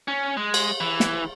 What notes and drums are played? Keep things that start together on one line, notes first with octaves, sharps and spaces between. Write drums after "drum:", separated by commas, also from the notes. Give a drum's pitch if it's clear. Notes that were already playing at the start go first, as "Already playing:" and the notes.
C#4
G#3
drum: cymbal
E3
drum: snare